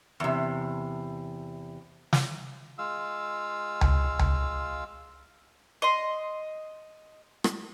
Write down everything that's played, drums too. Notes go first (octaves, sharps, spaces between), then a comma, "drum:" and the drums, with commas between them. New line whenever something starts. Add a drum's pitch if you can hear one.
E2 C3
drum: snare
G#3 F4 F5 E6
drum: tom C#2
drum: tom C#2
D#5 C6
drum: rim click